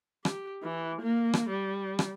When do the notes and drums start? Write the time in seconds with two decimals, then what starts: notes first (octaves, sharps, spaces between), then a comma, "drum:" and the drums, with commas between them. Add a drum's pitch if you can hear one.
0.25 G4, drum: rim click
0.63 E3
1.01 A#3
1.34 drum: rim click
1.49 G3
1.99 drum: rim click